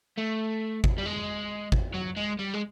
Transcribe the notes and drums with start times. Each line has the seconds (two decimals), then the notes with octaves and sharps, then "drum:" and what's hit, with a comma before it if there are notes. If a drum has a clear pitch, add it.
0.18 A3
0.84 drum: kick G#1
0.98 G3
1.06 G#3
1.72 drum: kick G#1
1.94 F#3
2.16 G#3
2.39 G3
2.54 G#3